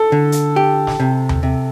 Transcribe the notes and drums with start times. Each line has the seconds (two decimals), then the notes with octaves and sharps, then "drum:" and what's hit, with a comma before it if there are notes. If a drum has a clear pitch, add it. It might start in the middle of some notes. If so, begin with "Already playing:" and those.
Already playing: A4
0.12 D3
0.32 drum: hi-hat
0.56 G4
0.87 drum: snare
1.00 C3
1.29 drum: tom D#2
1.43 C3